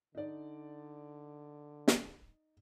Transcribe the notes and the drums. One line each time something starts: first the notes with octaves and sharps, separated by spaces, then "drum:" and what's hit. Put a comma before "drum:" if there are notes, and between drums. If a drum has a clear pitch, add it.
D3 D#4 D5
drum: snare